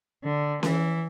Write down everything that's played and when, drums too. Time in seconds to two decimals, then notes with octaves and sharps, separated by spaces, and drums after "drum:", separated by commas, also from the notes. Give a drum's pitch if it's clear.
0.24 D3
0.63 E3, drum: snare C#4